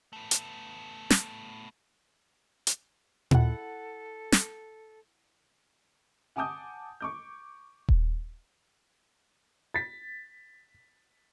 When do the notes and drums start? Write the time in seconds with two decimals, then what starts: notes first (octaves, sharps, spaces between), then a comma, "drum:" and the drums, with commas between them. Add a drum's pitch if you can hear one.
0.13 A3 B3
0.31 drum: hi-hat
1.10 drum: snare
2.67 drum: hi-hat
3.31 E4 A4 F#5, drum: tom A#2
4.32 drum: snare
6.36 F#5 G#5 A5 D6 D#6 G6
7.00 C#6 D6 G6
7.89 drum: kick D#1
9.74 A6 B6